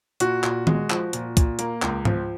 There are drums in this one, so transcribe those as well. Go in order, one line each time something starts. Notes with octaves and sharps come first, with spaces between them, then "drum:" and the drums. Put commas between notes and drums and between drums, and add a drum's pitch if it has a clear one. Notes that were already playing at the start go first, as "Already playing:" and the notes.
A#2 F#4, drum: hi-hat
A#2, drum: clap
G#3, drum: tom D#3
F3, drum: clap
A#2, drum: hi-hat
A#2, drum: kick C#2, hi-hat
A#3, drum: hi-hat
C#2, drum: clap
F3, drum: tom G#2